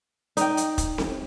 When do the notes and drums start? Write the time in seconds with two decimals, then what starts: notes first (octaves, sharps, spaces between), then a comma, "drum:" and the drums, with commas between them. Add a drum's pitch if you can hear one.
0.37 D#4 G5, drum: hi-hat
0.57 drum: hi-hat
0.78 drum: kick, hi-hat
0.98 drum: snare C4